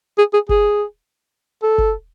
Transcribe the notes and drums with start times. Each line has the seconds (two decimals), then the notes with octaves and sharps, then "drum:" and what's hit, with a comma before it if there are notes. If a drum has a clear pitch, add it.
0.18 G#4
0.33 G#4
0.49 G#4, drum: kick F#1
1.63 A4
1.78 drum: kick F#1